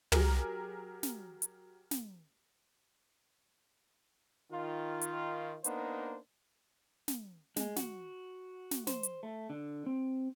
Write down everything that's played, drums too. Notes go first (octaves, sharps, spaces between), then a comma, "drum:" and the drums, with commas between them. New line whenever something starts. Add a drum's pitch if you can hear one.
F#3 G4 G#4 A#4, drum: tom
drum: snare
drum: hi-hat
drum: snare
D#3 F4
drum: hi-hat
A#3 B3 D4 D#4 C5, drum: hi-hat
drum: snare
G#3, drum: snare
F#4, drum: snare
drum: snare
C5, drum: snare
drum: hi-hat
A3
D3
C4